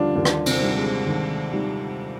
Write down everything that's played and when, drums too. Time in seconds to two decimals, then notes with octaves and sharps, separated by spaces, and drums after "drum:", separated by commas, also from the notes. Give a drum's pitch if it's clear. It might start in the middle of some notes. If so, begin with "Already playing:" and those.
Already playing: D#2 D3 D#3 F3 G3 D4 F4
0.15 D#2 D3 D4
0.25 drum: rim click
0.46 C3 C4, drum: cymbal
0.61 D#3 G3
0.77 G#3
1.07 D#2
1.52 D#3 G3